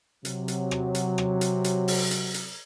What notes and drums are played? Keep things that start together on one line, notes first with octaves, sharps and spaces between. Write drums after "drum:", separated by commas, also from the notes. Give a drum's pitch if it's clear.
C3 F#3, drum: hi-hat
drum: hi-hat
drum: rim click
drum: hi-hat
drum: rim click
drum: hi-hat
drum: hi-hat
drum: open hi-hat
drum: hi-hat
drum: hi-hat